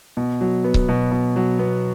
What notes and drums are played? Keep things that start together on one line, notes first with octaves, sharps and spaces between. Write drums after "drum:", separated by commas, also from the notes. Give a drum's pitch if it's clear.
B2
F#3
B3
drum: kick C#1
B2
B2
F#3
B3